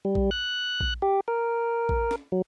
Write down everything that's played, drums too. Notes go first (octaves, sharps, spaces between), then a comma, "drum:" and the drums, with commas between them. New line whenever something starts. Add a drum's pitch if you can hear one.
G3
drum: kick A#1
F#6
drum: kick A#1
G4
A#4
drum: kick A#1
drum: snare C#4
F#3